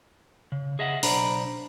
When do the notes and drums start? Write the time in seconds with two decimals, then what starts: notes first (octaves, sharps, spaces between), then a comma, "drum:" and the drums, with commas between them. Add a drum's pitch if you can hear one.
0.52 C#3
0.79 G#4 D#5 E5 F#5
1.03 B1 D4 C5 D5 A#5 B5, drum: open hi-hat